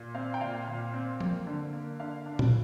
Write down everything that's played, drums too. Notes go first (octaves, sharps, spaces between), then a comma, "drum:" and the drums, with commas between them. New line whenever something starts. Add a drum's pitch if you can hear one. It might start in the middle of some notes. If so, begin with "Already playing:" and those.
Already playing: A#2
C4 F5
G5
A#2 F5
A#2
C4
A#3, drum: tom F3
D3
A#3
D3 F5
D4
drum: tom A#2